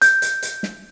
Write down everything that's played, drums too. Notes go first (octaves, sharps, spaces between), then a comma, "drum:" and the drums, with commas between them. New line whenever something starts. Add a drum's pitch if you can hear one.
G6, drum: hi-hat
drum: hi-hat
drum: hi-hat
drum: snare